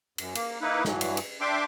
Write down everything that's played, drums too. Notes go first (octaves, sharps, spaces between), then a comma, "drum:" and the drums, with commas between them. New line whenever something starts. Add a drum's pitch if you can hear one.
F#2, drum: cymbal
A#3, drum: cymbal
A#3 D#4 E4 B4
G2 E3 F#3, drum: snare
drum: cymbal
drum: cymbal
D4 E5 G5 C6 D6